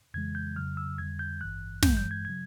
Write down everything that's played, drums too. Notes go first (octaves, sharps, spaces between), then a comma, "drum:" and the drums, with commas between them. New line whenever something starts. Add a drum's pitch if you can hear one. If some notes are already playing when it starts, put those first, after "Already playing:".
F2 C#3 E3 G#3 G#6
G6
F2 C#3 F#3 F6
E6
F2 D3 G3 G#6
G6
G#1 G2 E3 F#6
G2 E3 G#3 G6, drum: snare
G6
G#6
C#3 F#3 G#6